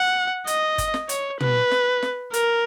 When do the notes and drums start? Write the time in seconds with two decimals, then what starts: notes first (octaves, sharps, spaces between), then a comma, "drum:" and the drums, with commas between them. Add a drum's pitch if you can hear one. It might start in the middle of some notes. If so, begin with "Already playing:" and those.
Already playing: F#5
0.47 D#5, drum: hi-hat
0.78 drum: kick G1, hi-hat
0.94 drum: snare
1.09 C#5, drum: hi-hat
1.40 B4, drum: tom
1.71 drum: snare
2.03 drum: snare
2.34 A#4, drum: hi-hat